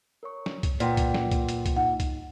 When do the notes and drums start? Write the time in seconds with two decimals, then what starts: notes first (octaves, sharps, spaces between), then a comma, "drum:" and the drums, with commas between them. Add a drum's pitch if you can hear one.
0.23 A#4 C#5 C#6
0.46 drum: snare
0.63 drum: kick C2, hi-hat
0.80 A#2 B4 F#5 G5, drum: hi-hat
0.97 drum: kick C2, hi-hat
1.14 drum: snare
1.31 drum: kick C2, hi-hat
1.49 drum: hi-hat
1.66 drum: kick C2, hi-hat
1.77 D#4 F#5
2.00 drum: kick C2, hi-hat